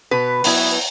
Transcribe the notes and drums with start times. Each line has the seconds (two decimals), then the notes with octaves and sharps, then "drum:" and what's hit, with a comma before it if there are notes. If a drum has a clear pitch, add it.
0.11 B2 B4
0.44 F#3 B3 E4, drum: open hi-hat